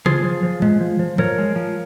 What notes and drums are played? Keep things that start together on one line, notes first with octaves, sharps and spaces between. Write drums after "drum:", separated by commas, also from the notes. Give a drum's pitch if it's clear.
F3 F4 G#4, drum: tom C#3
F3
F3
G#3, drum: tom A2
F3
F3
F3 A#4 C#5, drum: tom A2
G#3
F3